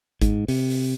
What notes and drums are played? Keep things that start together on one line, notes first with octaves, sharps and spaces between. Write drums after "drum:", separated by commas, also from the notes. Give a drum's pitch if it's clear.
G#2, drum: kick, hi-hat
C3, drum: open hi-hat
drum: open hi-hat